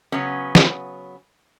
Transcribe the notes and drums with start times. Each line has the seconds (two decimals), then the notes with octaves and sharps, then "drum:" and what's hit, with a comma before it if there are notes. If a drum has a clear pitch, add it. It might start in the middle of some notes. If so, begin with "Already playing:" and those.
0.12 C#3 F#3 B3 C#4
0.55 drum: snare